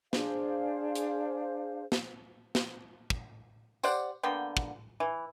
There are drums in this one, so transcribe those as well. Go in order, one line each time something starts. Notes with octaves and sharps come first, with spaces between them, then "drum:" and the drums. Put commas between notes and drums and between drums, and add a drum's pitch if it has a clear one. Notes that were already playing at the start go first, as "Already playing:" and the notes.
D4 G#4 C5 F5, drum: snare
drum: hi-hat
drum: snare
drum: snare
drum: kick
G4 C5 D5 F#5, drum: tambourine
D3 A#3 B3 G5
drum: kick
E3